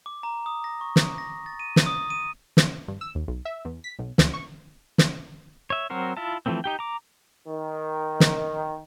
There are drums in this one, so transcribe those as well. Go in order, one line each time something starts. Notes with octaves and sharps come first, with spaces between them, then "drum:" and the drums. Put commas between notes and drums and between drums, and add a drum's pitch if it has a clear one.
D6
A#5
D#6
A#6
C#6
drum: snare
A#6
A6
D#7
drum: snare
D#6
D#7
drum: snare
G2
E6
D#2
B1
E5
E2
B6
B1
D2, drum: snare
C#6
drum: snare
C#5 E5
F#3 C4 F#4 A#4 C5
E4 F4 E5 A5
E3 F3 A3 B3 C4
D#4 G4 G5
A#5 D6
D#3
drum: snare